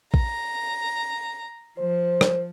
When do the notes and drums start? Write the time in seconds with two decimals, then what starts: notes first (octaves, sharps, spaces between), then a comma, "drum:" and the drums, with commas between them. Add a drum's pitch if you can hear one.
0.14 A#5, drum: kick A#1
1.78 F3 C5
2.21 drum: rim click